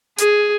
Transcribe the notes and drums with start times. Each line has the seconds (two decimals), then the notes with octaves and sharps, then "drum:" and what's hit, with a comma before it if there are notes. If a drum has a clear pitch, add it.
0.18 G#4, drum: hi-hat